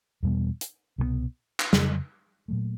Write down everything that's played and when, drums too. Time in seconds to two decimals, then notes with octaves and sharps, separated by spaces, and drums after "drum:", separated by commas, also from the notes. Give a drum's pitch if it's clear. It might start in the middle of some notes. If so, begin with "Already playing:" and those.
0.23 E2 B2 G3 B3
0.61 drum: hi-hat
0.98 C2 B2 G3 B3
1.60 drum: clap
1.73 F2 C#3 F#3, drum: snare
2.48 A#2 F#3 A3